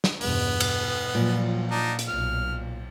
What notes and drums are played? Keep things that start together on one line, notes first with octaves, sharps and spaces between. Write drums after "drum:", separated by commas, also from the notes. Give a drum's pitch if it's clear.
drum: snare
E2 G2 B2 B3, drum: open hi-hat
B2, drum: cymbal
A#2 F3 F#3
D4 D#4
drum: hi-hat
B1 F6